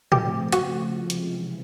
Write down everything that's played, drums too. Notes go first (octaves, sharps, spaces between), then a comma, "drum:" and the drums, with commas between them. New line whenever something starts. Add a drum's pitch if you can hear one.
F3 A3 C4 G4, drum: tom A2
C#3 F3 A3 F#4, drum: hi-hat
C3 F3 G#3 C4 F4
drum: hi-hat
C#3 E3